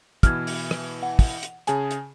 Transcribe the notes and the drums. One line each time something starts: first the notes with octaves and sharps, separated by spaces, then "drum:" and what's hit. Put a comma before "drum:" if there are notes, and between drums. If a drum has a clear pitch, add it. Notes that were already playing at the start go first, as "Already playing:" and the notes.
B2 E3 F6 G#6, drum: kick, hi-hat
drum: open hi-hat
drum: rim click
F#5
drum: kick, open hi-hat
drum: hi-hat
C#3 G#4 G#5 A5, drum: hi-hat
drum: hi-hat